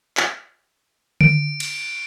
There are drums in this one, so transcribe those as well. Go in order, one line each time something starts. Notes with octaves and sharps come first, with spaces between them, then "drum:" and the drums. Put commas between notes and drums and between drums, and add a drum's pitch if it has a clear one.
drum: clap
D7, drum: tom D3
drum: cymbal